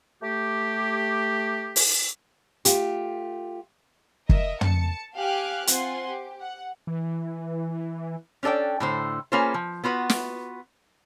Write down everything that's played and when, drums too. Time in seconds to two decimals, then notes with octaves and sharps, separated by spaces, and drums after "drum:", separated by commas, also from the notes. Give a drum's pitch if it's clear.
0.23 A3 G4
1.76 drum: open hi-hat
2.65 A3 F4 G4, drum: hi-hat
4.29 A#4 D#5 E5, drum: kick
4.61 A5 C#7, drum: tom
5.17 G4 F5 G5 G#5 F6 F#6
5.67 C4 F4 F#5 G#5 C6, drum: hi-hat
6.08 G4
6.40 F#5
6.87 E3
8.43 C#4 D4 A4 D5 G5
8.80 A2 D3 C5
9.32 A#3 C#4 F4 G#4 B4 C5
9.54 F3
9.84 B3 F4 F#4 B4
10.10 drum: snare